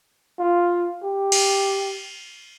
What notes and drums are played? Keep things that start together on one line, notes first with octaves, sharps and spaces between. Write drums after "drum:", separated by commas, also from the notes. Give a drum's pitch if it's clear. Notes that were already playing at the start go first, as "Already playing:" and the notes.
F4
G4
drum: cymbal